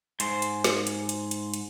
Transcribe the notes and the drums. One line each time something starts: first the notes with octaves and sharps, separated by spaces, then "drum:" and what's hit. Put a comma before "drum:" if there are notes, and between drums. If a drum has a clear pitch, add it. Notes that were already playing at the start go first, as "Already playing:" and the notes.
G#2 C5, drum: hi-hat
drum: hi-hat
drum: snare
drum: hi-hat
drum: hi-hat
drum: hi-hat
drum: hi-hat